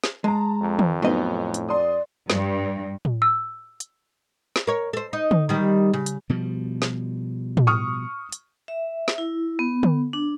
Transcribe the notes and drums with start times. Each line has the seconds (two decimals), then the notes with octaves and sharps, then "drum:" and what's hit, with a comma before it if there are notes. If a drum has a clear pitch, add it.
0.04 drum: snare
0.24 G#3 A5 A#5
0.62 F2
0.79 drum: tom D#3
1.02 A2 F#3 B3 D#4 D#5
1.54 drum: hi-hat
1.69 D5 C6 D#6
2.30 G2, drum: snare
3.05 drum: tom A2
3.22 E6
3.80 drum: hi-hat
4.56 drum: snare
4.67 A#4 C#5
4.93 A4 C5
5.13 D#4
5.31 drum: tom D3
5.49 D#3 G3
5.93 C#3
6.06 drum: hi-hat
6.30 B2 F3 G3
6.82 drum: snare
7.57 drum: tom A2
7.67 C#6 D#6 F6
8.32 drum: hi-hat
8.68 E5
9.08 drum: snare
9.18 E4
9.59 B3
9.83 drum: tom D3
10.13 D4